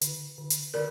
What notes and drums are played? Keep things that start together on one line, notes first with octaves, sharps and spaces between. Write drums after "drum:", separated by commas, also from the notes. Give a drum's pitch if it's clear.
D3, drum: hi-hat
D3
drum: hi-hat
D3 A#4 D5